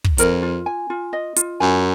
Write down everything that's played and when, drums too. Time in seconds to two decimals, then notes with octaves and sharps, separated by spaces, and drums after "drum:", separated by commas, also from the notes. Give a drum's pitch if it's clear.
0.04 drum: kick
0.18 F2 A#4, drum: hi-hat
0.43 F4
0.66 G#5
0.90 F4
1.13 D#5
1.36 F4, drum: hi-hat
1.60 F#2 G#5